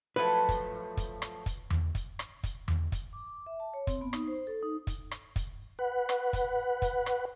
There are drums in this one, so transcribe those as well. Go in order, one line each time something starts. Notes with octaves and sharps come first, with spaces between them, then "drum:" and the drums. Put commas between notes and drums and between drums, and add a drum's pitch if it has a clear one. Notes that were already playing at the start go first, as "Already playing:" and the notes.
F3 F#3 A3 B4
drum: kick, hi-hat
drum: kick, hi-hat
drum: rim click
drum: kick, hi-hat
drum: tom E2
drum: kick, hi-hat
drum: rim click
drum: kick, hi-hat
drum: tom E2
drum: kick, hi-hat
D6
E5
A5
C#5
C4, drum: kick, hi-hat
B3
D#4, drum: rim click
C5
A4
D#4
drum: kick, hi-hat
drum: rim click
drum: kick, hi-hat
B4 F#5
drum: rim click
drum: kick, hi-hat
drum: kick, hi-hat
drum: rim click